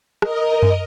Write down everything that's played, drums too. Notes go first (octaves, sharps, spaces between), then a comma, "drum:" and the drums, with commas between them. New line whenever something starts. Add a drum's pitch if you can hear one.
A#4 D#5, drum: rim click
drum: tom F#2